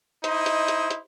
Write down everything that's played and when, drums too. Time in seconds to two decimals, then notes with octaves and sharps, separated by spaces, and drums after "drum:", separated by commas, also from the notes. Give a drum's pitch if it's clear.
0.24 D#4 E4 C5 D#5, drum: hi-hat
0.46 drum: hi-hat
0.68 drum: hi-hat
0.91 drum: hi-hat